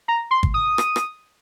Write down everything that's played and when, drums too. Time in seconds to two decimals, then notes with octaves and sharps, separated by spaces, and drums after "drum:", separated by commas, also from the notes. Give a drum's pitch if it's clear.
0.08 A#5
0.31 C6
0.43 drum: kick
0.54 D#6
0.78 drum: rim click
0.96 drum: rim click